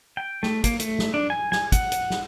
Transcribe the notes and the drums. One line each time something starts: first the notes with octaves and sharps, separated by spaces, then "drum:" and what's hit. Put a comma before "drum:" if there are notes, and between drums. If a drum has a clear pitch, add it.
G5
A3, drum: snare
A#3, drum: kick, hi-hat
A3, drum: hi-hat
drum: snare
D4
G#5
G#5, drum: snare
F#5, drum: kick, hi-hat
drum: hi-hat
drum: snare